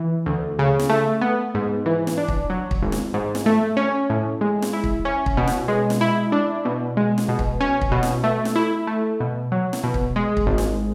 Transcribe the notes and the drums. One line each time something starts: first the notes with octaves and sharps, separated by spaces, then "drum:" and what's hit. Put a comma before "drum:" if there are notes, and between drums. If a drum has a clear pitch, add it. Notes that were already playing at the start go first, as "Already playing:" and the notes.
Already playing: E3
D2
C#3
drum: snare
A3
B3
G#2
E3
drum: snare
D4
drum: kick
F#3
drum: kick
G#1
drum: snare
G#2
drum: snare
A3
C#4
A2
G#3
drum: snare
E4
drum: kick
C#4
drum: kick
B2
drum: snare
G#3
drum: snare
E4
D4
B2
G#3
drum: snare
B2
drum: kick
C#4
drum: kick
B2
drum: snare
A3
drum: snare
E4
A3
B2
F#3
drum: snare
B2
drum: kick
G#3
drum: kick
G#1
drum: snare